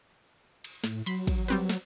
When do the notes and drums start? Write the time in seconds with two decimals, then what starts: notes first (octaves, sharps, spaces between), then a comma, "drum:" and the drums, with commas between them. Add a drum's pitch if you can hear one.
0.64 drum: cymbal
0.84 A2, drum: snare
1.06 F#3 B5 C6, drum: cymbal
1.27 drum: kick, cymbal
1.48 G3 C4 B4, drum: cymbal
1.69 drum: snare